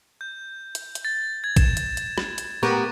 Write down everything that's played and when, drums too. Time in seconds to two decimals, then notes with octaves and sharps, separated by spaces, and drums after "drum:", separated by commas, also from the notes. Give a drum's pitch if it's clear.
0.21 G6
0.75 drum: hi-hat
0.95 drum: hi-hat
1.05 A6
1.44 G#6
1.56 E7, drum: kick A#1, hi-hat
1.77 drum: hi-hat
1.97 drum: hi-hat
2.18 drum: rim click
2.38 drum: hi-hat
2.63 B3 G4 A#4 C#6